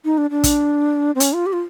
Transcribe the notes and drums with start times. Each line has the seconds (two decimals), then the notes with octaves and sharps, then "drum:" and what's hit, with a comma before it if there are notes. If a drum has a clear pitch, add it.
0.05 D#4
0.18 D4
0.31 D4
0.44 drum: kick, hi-hat
1.15 C4
1.20 C#4, drum: hi-hat
1.33 F4
1.46 G4
1.53 F4